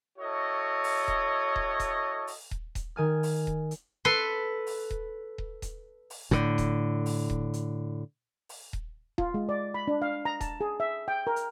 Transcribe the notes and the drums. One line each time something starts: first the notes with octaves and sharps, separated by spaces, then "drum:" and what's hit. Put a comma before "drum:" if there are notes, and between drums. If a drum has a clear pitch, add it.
E4 F#4 A4 C#5 D#5
drum: open hi-hat
drum: kick D#1
drum: kick D#1
drum: kick D#1, hi-hat
drum: open hi-hat
drum: kick D#1
drum: kick D#1, hi-hat
D#3 G#5 F6
drum: open hi-hat
drum: kick D#1
drum: hi-hat
A4 B4 C6
drum: open hi-hat
drum: kick D#1
drum: kick D#1
drum: kick D#1, hi-hat
drum: open hi-hat
A2 D3, drum: kick D#1
drum: kick D#1, hi-hat
drum: open hi-hat
drum: kick D#1
drum: hi-hat
drum: open hi-hat
drum: kick D#1
F4, drum: kick D#1
G#3
D5
B5
D4
F5
A#5
A5, drum: kick D#1, hi-hat
G#4
E5
G5
A#4
drum: hi-hat